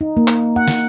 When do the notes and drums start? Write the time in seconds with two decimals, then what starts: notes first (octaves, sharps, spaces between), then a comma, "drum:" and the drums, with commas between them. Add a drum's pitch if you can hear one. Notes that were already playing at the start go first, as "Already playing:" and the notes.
0.01 D#4
0.17 A#3
0.28 drum: clap
0.56 F#5
0.68 drum: snare